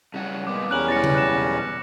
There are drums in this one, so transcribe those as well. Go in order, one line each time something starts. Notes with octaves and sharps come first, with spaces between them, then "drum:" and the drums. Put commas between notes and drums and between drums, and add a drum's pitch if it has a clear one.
C#3 G3 F#5
A#2 G#3 B3 D6
E2 G3 C#4 A#4 F#6 F#7
B2 E3 F#3 A6 A#6 C#7
drum: tom C#3
F#6 A#6 E7